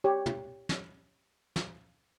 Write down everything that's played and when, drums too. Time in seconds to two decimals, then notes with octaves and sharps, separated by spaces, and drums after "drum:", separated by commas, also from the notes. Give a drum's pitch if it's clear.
0.04 G4 C#5
0.26 drum: tom
0.69 drum: snare
1.56 drum: snare